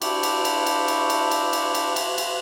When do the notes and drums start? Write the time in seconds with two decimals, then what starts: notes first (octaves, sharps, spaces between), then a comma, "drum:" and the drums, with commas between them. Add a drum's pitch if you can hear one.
0.02 D4 E4 G4 C#6 D6, drum: cymbal
0.23 drum: cymbal
0.45 drum: cymbal
0.66 drum: cymbal
0.88 drum: cymbal
1.10 drum: cymbal
1.31 drum: cymbal
1.53 drum: cymbal
1.75 drum: cymbal
1.96 drum: cymbal
2.18 drum: cymbal